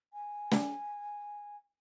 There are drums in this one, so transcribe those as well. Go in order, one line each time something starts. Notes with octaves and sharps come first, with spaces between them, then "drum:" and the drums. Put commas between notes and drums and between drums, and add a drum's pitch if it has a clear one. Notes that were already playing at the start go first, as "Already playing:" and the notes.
G#5
drum: snare